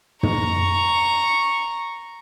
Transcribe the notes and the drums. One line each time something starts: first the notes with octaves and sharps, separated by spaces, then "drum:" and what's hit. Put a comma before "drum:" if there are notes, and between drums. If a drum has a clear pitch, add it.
A#5 C#6, drum: tom